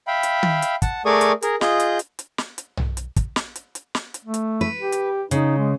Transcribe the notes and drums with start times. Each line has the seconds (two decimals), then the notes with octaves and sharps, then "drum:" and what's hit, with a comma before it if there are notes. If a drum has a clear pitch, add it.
0.07 E5 F5 G5 B5
0.23 drum: hi-hat
0.43 drum: tom D#3
0.62 drum: hi-hat
0.82 F#5 A5, drum: kick, hi-hat
1.05 A3 G#4 A#4 D5 C#6 D#6
1.21 drum: hi-hat
1.42 G#4 A#4, drum: hi-hat
1.61 F4 G#4 D#5 G6, drum: snare
1.80 drum: hi-hat
1.99 drum: hi-hat
2.19 drum: hi-hat
2.38 drum: snare
2.58 drum: hi-hat
2.77 drum: tom B1
2.97 drum: hi-hat
3.16 drum: kick, hi-hat
3.36 drum: snare
3.56 drum: hi-hat
3.75 drum: hi-hat
3.95 drum: snare
4.14 drum: hi-hat
4.24 A3
4.34 drum: hi-hat
4.61 B4
4.80 G4
4.92 drum: hi-hat
5.31 C#3 D#4, drum: hi-hat
5.58 G#3